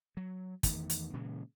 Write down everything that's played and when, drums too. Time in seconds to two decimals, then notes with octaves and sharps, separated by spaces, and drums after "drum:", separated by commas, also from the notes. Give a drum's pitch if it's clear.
0.17 F#3
0.63 E2 D#3 E3 A3, drum: kick, hi-hat
0.90 drum: hi-hat
1.13 A#2 C#3 E3 G#3